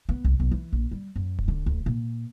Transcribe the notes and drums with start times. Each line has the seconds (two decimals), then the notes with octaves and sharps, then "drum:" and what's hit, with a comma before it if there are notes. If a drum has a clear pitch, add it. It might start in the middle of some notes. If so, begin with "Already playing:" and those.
0.09 B3
0.25 C2
0.40 B1
0.52 E3
0.73 A#1
0.91 G3
1.16 F#2
1.39 drum: kick D1
1.48 D3
1.66 D2
1.86 A#2